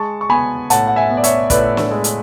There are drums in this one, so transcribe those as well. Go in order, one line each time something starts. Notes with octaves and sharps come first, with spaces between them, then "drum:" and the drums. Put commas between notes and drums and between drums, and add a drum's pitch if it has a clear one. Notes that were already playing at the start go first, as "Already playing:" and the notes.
Already playing: G#3 A5 C#6
C#6
B3 G#5 B5
A2 F#5 A5, drum: hi-hat
F#5
E5 G#5
B3
D5
C#5 E5, drum: hi-hat
A2 B4 D5, drum: kick, hi-hat
drum: snare
G#3
drum: hi-hat